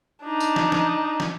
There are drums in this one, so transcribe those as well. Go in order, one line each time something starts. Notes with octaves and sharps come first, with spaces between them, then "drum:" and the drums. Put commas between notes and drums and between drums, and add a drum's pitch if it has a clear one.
D4 D#4
drum: tambourine
drum: snare
drum: snare
drum: snare